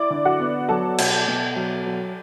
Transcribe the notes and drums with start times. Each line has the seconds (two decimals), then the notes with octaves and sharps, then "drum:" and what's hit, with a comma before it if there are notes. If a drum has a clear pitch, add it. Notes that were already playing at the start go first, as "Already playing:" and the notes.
Already playing: E4 D5 D6
0.10 D3
0.25 F#4 F#5
0.40 B3
0.69 F#3 A4 A5
0.98 B2, drum: cymbal
1.27 B2
1.56 F#3
1.86 F#3